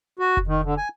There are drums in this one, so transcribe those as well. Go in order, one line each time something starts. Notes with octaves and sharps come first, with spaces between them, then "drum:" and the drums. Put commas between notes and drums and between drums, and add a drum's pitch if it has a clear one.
F#4
drum: kick F1
D#3
D3
G#5